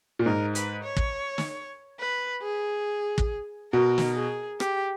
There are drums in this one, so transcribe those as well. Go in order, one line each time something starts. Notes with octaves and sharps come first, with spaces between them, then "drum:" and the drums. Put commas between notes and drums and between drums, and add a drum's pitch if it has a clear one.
A#2
G#2 A#4
B4, drum: hi-hat
C#5
drum: kick
drum: snare
B4
G#4
drum: kick
B2 A#4
drum: snare
G#4
G4, drum: rim click